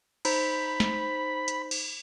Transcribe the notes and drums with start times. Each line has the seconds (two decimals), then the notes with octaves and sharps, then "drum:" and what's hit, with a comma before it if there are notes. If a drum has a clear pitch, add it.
0.25 D#4 C5 B5, drum: cymbal
0.80 drum: snare
1.48 drum: hi-hat
1.71 drum: cymbal